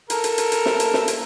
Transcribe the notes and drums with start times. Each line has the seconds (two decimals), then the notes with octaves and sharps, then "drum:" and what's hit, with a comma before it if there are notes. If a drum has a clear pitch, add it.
0.10 A4 A#4, drum: hi-hat
0.24 drum: hi-hat
0.38 drum: hi-hat
0.52 drum: hi-hat
0.66 drum: snare
0.80 drum: hi-hat
0.94 drum: snare
1.08 drum: hi-hat